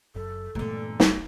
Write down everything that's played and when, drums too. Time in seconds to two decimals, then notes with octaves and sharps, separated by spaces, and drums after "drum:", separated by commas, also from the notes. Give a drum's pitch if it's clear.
0.15 F#1 F#2 A4
0.55 G2 A#2 D3 E3 G#3 A3 B3
1.00 G1, drum: snare